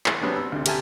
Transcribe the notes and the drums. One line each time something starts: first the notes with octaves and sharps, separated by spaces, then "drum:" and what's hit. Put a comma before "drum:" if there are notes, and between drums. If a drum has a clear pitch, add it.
E3, drum: clap
F#3 G3 B3 C4 D4
E6
D2 C3
G4 A#4 E5 G#5 A5, drum: cymbal